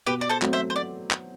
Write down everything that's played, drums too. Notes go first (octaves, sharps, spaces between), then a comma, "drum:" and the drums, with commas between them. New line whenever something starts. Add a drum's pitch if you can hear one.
B2 G4 B4
D5
A4 C5
F#3 A3 C4, drum: clap
C5 E5
C5
D5
drum: clap